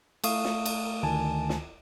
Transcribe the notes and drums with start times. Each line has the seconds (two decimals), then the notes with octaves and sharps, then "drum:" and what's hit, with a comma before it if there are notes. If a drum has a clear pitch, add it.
0.24 A3 F5 C#6 D#6, drum: cymbal
0.45 drum: snare
0.66 drum: cymbal
1.03 D2 D#3 G#5 A5
1.49 drum: snare